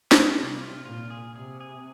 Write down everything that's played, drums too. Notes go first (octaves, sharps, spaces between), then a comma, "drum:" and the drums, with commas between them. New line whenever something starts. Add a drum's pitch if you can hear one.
F4, drum: snare
C3 G3
F4
A#2 F4
G#4
C3 G#4
G#4